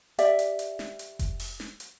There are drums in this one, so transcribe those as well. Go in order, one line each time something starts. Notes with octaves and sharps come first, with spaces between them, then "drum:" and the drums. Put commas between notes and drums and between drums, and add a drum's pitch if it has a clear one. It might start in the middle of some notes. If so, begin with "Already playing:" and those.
G4 D5 E5, drum: hi-hat
drum: hi-hat
drum: hi-hat
drum: snare
drum: hi-hat
drum: kick F1, hi-hat
drum: open hi-hat
drum: snare
drum: hi-hat